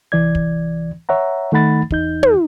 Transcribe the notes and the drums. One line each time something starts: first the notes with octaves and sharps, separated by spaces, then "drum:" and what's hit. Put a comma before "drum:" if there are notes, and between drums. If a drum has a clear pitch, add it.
C2 E3 D5 G#6
drum: kick
C#5 E5 F#5 A#5
D#3 A3 D#4 F#5 B5 A6
E2 D#4 G6, drum: kick
drum: tom